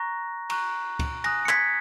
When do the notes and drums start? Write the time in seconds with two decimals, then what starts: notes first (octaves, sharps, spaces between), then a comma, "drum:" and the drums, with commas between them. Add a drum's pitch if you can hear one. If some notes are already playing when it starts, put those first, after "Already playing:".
Already playing: A#5 C#6 F#6 A#6
0.50 A#5 C#6 F#6, drum: cymbal
0.99 drum: kick C#2, cymbal
1.24 G#5 D#6 F#6 A#6, drum: cymbal
1.45 C#7
1.49 G#6 B6, drum: clap